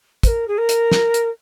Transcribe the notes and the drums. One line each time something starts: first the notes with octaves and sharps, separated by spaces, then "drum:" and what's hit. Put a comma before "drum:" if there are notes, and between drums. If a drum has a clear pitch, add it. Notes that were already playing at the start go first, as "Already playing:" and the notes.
C5, drum: kick, hi-hat
A#4
G#4
A#4
drum: hi-hat
drum: snare
drum: hi-hat